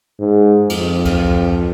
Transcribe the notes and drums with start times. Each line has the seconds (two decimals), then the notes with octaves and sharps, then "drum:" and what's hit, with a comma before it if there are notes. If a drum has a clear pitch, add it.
0.19 G#2
0.70 F2, drum: cymbal
1.05 drum: kick C#2, cymbal